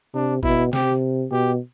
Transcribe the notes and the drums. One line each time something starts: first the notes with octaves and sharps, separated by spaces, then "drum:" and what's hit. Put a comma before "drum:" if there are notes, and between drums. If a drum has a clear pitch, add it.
C3 D4
B2 E4, drum: kick G1
C3 G4, drum: snare
B2 G4